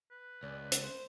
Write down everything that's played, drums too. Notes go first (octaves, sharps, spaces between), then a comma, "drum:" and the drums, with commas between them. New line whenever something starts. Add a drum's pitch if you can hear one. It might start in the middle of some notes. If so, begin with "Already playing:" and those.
B4
C#2 D5
drum: hi-hat
C5